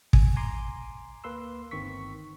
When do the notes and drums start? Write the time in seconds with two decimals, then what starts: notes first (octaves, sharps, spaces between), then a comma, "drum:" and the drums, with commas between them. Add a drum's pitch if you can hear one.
0.13 G#5, drum: kick
0.36 G#5 A#5 C6 D6
1.24 D2 A#3 B4 C6 E6
1.71 G1 D#3 C4 C#6 B6